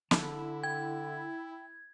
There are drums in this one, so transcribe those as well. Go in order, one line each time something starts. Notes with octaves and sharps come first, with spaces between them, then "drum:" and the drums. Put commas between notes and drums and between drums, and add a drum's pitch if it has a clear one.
D3 E4 A5, drum: snare
G5 G#6